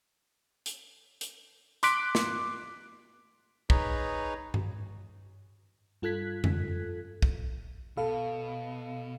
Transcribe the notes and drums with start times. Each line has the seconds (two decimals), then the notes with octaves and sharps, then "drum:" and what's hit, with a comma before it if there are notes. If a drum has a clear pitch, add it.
0.66 drum: hi-hat
1.21 drum: hi-hat
1.83 C6 D6 F#6 B6 D7, drum: hi-hat
2.15 drum: snare
3.70 D#4 G#4 B4 C#5 A#5, drum: kick
4.54 drum: tom G2
6.02 G2 F4 A4 F#6 G#6 B6
6.44 drum: tom F2
7.22 drum: kick
7.97 B2 A4 F5 B5